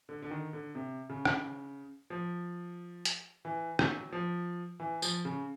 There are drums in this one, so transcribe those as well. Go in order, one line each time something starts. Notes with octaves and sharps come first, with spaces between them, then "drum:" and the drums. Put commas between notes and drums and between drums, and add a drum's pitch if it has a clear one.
D3
D3
D#3
D3
C3
C#3
drum: rim click
F3
drum: hi-hat
E3
F#3, drum: rim click
F3
E3
F3, drum: tambourine
C#3